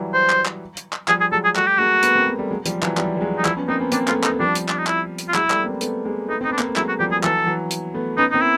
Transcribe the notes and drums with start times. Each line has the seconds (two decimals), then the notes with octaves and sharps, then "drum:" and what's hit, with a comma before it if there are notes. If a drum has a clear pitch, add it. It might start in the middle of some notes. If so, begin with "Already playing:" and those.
Already playing: E3 F#3 G3
0.13 C5
0.30 drum: clap
0.45 drum: clap
0.77 drum: hi-hat
0.93 drum: clap
1.08 F3 G3 G#4, drum: clap
1.21 G#4
1.32 F#3 G#3 A4
1.44 G#4
1.55 G3 A3 F#4, drum: clap
1.67 G4
1.78 G#3 A#3 F#4
2.03 A3 B3, drum: hi-hat
2.16 A#3 C4
2.27 G#3 A#3
2.39 G3 A3
2.51 F#3 G#3
2.66 F3 G3, drum: hi-hat
2.83 E3 F#3, drum: clap
2.97 F3 G3, drum: clap
3.17 G3
3.21 F#3 G#3
3.38 D#4
3.45 F3 G3 E4, drum: clap
3.56 B3 C#4
3.68 A#3 C4 D#4
3.80 B3 C#4
3.92 A#3 C4 D4, drum: hi-hat
4.08 A3 B3 F4, drum: clap
4.23 A3 B3 D#4, drum: clap
4.40 F3 G3 D4
4.55 drum: hi-hat
4.68 D4, drum: clap
4.78 D#4
4.87 E4, drum: clap
5.18 drum: hi-hat
5.29 F4
5.34 F#3 G#3 E4, drum: clap
5.50 G3 A3, drum: clap
5.61 B3
5.65 A#3 C4
5.81 A3 B3, drum: hi-hat
6.05 G#3 A#3
6.28 A3 B3 D#4
6.41 C4 D#4
6.49 B3 D4
6.59 A#3, drum: clap
6.67 A3
6.76 F#3 G#3 E4, drum: clap
6.88 F#4
6.99 F3 G3 G4
7.12 G#4
7.23 E3 F#3 A4, drum: clap
7.47 E3 F#3
7.71 drum: hi-hat
7.94 A3 B3
8.17 B3 C#4 D#4
8.31 A#3 C4 D#4
8.42 E4